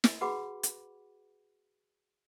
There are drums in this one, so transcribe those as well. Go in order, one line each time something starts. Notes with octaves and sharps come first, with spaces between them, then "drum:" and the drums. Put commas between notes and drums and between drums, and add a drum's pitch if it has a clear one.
drum: snare
F#4 G#4 B4 F#5 B5 D6
drum: hi-hat